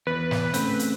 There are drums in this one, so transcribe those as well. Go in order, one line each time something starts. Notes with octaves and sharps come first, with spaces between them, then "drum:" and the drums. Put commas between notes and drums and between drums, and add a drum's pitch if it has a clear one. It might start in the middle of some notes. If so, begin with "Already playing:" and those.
E2 B4
drum: snare
C#3 A3 C4, drum: hi-hat
drum: hi-hat